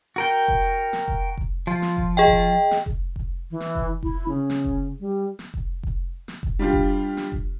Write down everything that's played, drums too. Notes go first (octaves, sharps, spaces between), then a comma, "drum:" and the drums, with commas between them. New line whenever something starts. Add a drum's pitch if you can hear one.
F#4 A#4 G5
drum: kick F1
drum: snare
drum: kick F1
drum: kick F1
F3 F4
drum: snare
drum: kick F1
G#4 D#5 G5
drum: kick F1
drum: snare
drum: kick F1
drum: kick F1
E3
drum: snare
drum: kick F1
E4, drum: kick F1
C#3
drum: snare
drum: kick F1
G3
drum: snare
drum: kick F1
drum: kick F1
drum: snare
drum: kick F1
G3 D4 F4 G4
drum: kick F1
drum: snare
drum: kick F1